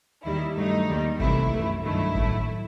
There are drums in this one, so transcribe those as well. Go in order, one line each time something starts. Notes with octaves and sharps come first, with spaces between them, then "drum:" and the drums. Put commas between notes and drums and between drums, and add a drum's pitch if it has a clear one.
D#2 D#3 G3 E4
G2 F#3 A3 D#4
D#2 D#3 G3
C2 C3 E3 A3 E4, drum: kick G1
F#2 E3 A3
G2 D#3 F#3 A3 E4
A2 F#3 A3, drum: kick G1